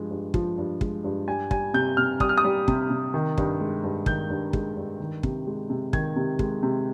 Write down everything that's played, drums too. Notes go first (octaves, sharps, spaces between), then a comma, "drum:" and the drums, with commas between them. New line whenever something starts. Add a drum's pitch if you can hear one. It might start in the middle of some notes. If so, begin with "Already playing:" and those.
Already playing: G2 F3 G#3
G2
F3, drum: kick
G2
G#3, drum: kick
G2
G3 G#5
G3 G#5, drum: kick
C3 G6
C3 F6
G3 D#6, drum: kick
F6
D#6
G3
C3, drum: kick
C3
D#3
G2, drum: kick
G#3
G2
D#3 G6, drum: kick
G2
G#3, drum: kick
G2
D#3
C3, drum: kick
G#3
C3
D#3 G#6, drum: kick
C3
G#3, drum: kick
C3